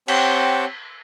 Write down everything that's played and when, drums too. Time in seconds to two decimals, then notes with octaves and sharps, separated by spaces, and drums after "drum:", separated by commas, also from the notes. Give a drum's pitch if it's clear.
0.08 C4 G4 C#5 F#5 G5 A5, drum: cymbal